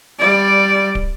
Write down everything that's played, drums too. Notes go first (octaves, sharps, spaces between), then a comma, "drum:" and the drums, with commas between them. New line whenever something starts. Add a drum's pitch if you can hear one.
G3 D5
drum: kick